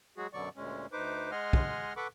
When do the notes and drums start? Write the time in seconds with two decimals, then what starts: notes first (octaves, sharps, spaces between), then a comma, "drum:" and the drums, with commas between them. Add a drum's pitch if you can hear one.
0.17 F#3 G#3 F#4 G#4
0.33 F#2 B2 D3 F#3 D5 C#6
0.57 D2 A#2 G#3 C#4
0.92 D2 D#4 B4 C5 D6
1.31 G#3 D#5 F#5 G#5 C6 F6
1.53 drum: kick
1.97 A4 B4 F#5 B5 C#6 D6